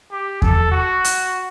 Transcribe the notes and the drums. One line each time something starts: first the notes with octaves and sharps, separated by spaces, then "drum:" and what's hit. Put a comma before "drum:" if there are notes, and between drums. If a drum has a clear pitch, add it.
G4
A4, drum: kick E2
F#4
drum: hi-hat